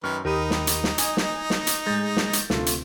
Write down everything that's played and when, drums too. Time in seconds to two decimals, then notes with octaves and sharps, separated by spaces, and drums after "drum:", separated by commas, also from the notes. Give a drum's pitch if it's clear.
0.04 F#2 D#3 B4 C#6 F6
0.25 D#2 D#4 G4 A#4 B5 D#6 D#7
0.50 drum: snare
0.67 drum: hi-hat
0.84 drum: snare
0.98 D#5 G#5 D#6, drum: hi-hat
1.17 drum: snare
1.50 drum: snare
1.67 drum: hi-hat
1.86 A2 G#3 G6 A6
2.17 drum: snare
2.33 drum: hi-hat
2.50 D2 C3 A3 F4 A4, drum: snare
2.66 drum: hi-hat